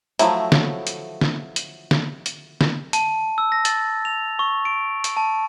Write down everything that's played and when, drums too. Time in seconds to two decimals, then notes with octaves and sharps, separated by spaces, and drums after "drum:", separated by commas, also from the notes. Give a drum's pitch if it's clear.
0.19 F3 F#3 A3 E4, drum: hi-hat
0.52 drum: snare
0.87 drum: hi-hat
1.21 drum: snare
1.56 drum: hi-hat
1.91 drum: snare
2.26 drum: hi-hat
2.61 drum: snare
2.93 A5, drum: hi-hat
3.38 E6
3.52 A#6
3.65 A6, drum: hi-hat
4.05 F7
4.39 C#6
4.65 D7
5.04 drum: hi-hat
5.17 A5